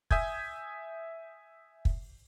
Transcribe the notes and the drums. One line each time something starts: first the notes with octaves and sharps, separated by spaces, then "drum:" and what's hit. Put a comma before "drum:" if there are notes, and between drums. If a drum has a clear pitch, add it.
E5 G#5 D#6 G6 G#6, drum: kick
drum: kick